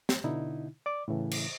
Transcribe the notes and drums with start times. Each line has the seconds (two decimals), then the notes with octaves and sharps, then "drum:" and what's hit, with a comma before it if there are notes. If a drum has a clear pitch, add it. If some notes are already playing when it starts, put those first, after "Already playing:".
0.09 drum: snare
0.24 B2 D3 D#4 E4
0.86 D5 D6
1.08 A2 C#3 E3
1.31 drum: cymbal